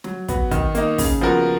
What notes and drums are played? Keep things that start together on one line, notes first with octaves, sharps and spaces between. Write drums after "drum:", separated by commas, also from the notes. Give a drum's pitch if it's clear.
F#3, drum: snare
B3 F#4, drum: kick, hi-hat
D#3, drum: kick, hi-hat
A#3 D#4, drum: hi-hat
C#3, drum: kick, open hi-hat
F3 B3 F#4 A#4